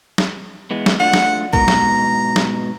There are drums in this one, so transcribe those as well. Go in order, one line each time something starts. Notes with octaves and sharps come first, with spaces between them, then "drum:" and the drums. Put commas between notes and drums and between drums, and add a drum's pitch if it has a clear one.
drum: snare
E3 G#3 B3
drum: snare
A3 D4 F4 F#5
drum: snare
G#2 B2 A#5, drum: kick
drum: snare
drum: snare